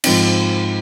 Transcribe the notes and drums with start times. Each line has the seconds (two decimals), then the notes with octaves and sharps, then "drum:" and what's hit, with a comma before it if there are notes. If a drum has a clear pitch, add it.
0.04 G#2 F3 C4 D#4, drum: cymbal